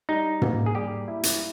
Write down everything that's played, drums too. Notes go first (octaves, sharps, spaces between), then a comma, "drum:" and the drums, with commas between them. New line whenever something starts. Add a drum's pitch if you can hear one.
G3 D#4
A#3, drum: tom
G#4
G3 G4
E4
drum: hi-hat